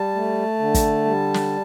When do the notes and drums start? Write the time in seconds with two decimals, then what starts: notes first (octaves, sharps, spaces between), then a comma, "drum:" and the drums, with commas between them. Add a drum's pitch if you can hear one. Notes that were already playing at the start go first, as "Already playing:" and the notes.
Already playing: G3 A5
0.15 A3
0.59 D3
0.74 drum: kick, hi-hat
1.05 G3
1.34 drum: snare